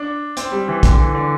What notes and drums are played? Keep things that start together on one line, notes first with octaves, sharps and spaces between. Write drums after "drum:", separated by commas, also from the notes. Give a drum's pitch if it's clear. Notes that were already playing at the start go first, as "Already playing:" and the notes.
Already playing: D4
C4, drum: hi-hat
G3
E3
D3, drum: kick, hi-hat
E3
D3